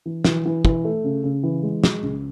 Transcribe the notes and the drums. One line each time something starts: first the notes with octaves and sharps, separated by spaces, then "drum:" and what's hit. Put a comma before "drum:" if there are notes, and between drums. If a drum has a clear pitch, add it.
E3
E3, drum: snare
E3
E3, drum: kick
A3
C#3
C#3
E3
G#3
G#3, drum: snare
C#2